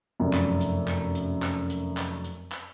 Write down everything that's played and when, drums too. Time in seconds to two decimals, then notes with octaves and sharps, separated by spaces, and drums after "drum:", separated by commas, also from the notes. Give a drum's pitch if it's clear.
0.20 F1 F#2
0.33 drum: clap
0.61 drum: hi-hat
0.88 drum: clap
1.15 drum: hi-hat
1.43 drum: clap
1.70 drum: hi-hat
1.97 drum: clap
2.25 drum: hi-hat
2.52 drum: clap